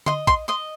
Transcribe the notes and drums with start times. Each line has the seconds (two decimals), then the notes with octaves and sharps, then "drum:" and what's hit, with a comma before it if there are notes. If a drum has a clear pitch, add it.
0.06 D#5 C6, drum: tom D3
0.27 C6, drum: kick
0.48 D#5 C6